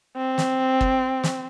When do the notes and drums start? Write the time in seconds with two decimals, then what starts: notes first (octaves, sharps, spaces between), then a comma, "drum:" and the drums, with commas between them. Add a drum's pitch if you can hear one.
0.16 C4
0.38 drum: snare
0.81 drum: kick
1.24 drum: snare